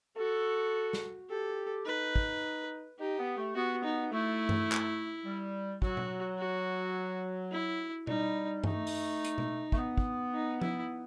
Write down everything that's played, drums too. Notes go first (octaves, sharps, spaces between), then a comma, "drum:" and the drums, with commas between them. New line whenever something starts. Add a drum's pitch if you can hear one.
F#4 A4
drum: snare
G4 A4
D#4 B4
drum: kick
D#4 G4
B3
A3
B3 F#4
D#4
A3 E4
drum: tom G2
drum: clap
G3
F#3 F#4, drum: kick
drum: tom B2
F#4
E4
G3 D#4, drum: tom B2
A3 D#4, drum: tom G2
drum: open hi-hat
drum: hi-hat
drum: tom B2
A3, drum: kick
B3
drum: kick
D#4
E4, drum: tom F3